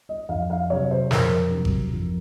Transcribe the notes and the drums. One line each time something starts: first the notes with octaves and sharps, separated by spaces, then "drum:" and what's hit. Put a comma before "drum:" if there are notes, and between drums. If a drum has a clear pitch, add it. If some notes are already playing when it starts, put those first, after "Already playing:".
D#5
F2 F5
F5
C3 F#3 C#5
C5
F2 A#4, drum: snare
C3 F#3
drum: kick G#1
F2